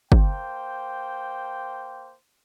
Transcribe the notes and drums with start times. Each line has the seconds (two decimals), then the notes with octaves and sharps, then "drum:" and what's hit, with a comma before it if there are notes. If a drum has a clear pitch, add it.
0.12 A#3 C5 G5, drum: kick G1